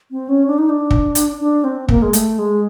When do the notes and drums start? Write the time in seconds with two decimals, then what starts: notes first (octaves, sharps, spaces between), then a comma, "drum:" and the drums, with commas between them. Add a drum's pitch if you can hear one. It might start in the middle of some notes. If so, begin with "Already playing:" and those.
0.11 C4
0.29 C#4
0.47 D4
0.58 D#4
0.69 D4
0.91 drum: kick
1.15 drum: hi-hat
1.40 D4
1.64 C4
1.89 A#3, drum: kick
2.02 G#3
2.13 A3, drum: hi-hat
2.38 G#3